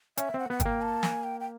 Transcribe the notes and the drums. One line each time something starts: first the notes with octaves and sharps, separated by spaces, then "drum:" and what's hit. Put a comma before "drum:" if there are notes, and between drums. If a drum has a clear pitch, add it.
C#4 E5, drum: hi-hat
C4 F#5
B3 F#5
G5, drum: kick, hi-hat
A#3
A5
G#5, drum: snare
G5
G5